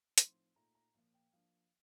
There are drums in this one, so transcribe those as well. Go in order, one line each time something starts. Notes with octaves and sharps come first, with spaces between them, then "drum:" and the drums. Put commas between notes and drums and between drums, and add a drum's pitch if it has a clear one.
A2 F3 C4 D#4 C6, drum: hi-hat
A#2 A3 D#4 A#5
A#5
A#2 F3 A#3
G5
F3 A#3 D4 F5